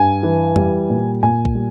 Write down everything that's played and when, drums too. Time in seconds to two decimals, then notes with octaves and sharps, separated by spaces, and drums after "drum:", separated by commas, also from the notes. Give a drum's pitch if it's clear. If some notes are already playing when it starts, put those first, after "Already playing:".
Already playing: G2 G3 G#5
0.23 E3
0.56 G3, drum: tom F2
0.90 A#2
1.23 A#2 G#5
1.45 drum: kick
1.55 G3